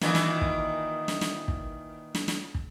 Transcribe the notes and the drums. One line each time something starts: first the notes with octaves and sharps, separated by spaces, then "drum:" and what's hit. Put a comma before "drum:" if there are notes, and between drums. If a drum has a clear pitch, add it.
A#2 D#3 E3, drum: snare
drum: snare
drum: kick
drum: snare
drum: snare
drum: kick
drum: snare
drum: snare
drum: kick